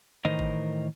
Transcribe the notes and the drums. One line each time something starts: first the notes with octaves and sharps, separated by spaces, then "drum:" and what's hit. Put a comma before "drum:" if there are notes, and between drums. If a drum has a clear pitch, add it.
A2 D#3 E3 A#4 C5 D#5
drum: kick G#1